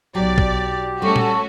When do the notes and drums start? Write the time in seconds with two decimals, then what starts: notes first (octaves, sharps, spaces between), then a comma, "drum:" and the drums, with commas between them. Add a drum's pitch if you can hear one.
0.15 B1 F#3 G4 D5
0.38 drum: kick
1.02 G3 A3 C#4 F#4 A4 C#6
1.16 drum: tom A#2